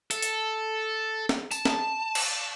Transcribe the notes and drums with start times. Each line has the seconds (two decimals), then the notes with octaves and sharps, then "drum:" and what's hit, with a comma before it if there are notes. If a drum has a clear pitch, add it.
0.11 A4, drum: hi-hat
0.22 drum: hi-hat
1.29 drum: snare
1.51 A5, drum: tambourine
1.65 drum: snare
2.15 drum: cymbal